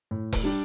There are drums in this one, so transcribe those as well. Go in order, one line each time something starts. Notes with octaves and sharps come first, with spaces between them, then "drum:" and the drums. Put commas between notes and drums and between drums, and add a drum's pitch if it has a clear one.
A2
drum: kick E1, open hi-hat
G3 D4 G4